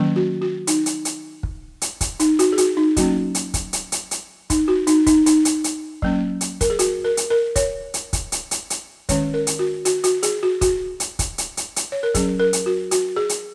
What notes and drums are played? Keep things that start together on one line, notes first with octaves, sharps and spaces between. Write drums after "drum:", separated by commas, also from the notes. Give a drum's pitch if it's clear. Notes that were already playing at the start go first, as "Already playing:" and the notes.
Already playing: D#3 F#3 A#3 C#4
F#4
F#4
D#4, drum: hi-hat
drum: hi-hat
drum: hi-hat
drum: kick
drum: hi-hat
drum: kick, hi-hat
D#4, drum: hi-hat
F#4, drum: hi-hat
G#4
F#4, drum: hi-hat
D#4
F#3 A#3 C#4 F#4, drum: kick, hi-hat
drum: hi-hat
drum: kick, hi-hat
drum: hi-hat
drum: hi-hat
drum: hi-hat
D#4, drum: kick, hi-hat
F#4
D#4, drum: hi-hat
D#4, drum: kick, hi-hat
D#4, drum: hi-hat
drum: hi-hat
drum: hi-hat
F#3 A#3 C#4, drum: kick
drum: hi-hat
A#4, drum: kick, hi-hat
G#4
F#4, drum: hi-hat
A#4
drum: hi-hat
A#4
C#5, drum: kick, hi-hat
drum: hi-hat
drum: kick, hi-hat
drum: hi-hat
drum: hi-hat
drum: hi-hat
D#3 G#3 C#4 C#5, drum: kick, hi-hat
A#4
drum: hi-hat
F#4
F#4, drum: hi-hat
F#4, drum: hi-hat
G#4, drum: hi-hat
F#4
F#4, drum: kick, hi-hat
drum: hi-hat
drum: kick, hi-hat
drum: hi-hat
drum: hi-hat
drum: hi-hat
C#5
A#4
F#3 C#4 G#4, drum: kick, hi-hat
A#4
drum: hi-hat
F#4
F#4, drum: hi-hat
G#4
drum: hi-hat